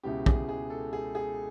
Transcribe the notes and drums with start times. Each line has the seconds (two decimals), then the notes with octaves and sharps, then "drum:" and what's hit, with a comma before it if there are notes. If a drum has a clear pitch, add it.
0.03 C#2 B2 G#3 C#4 E4 G4
0.26 G#4, drum: kick
0.49 G#4
0.70 A4
0.93 G#4
1.15 G#4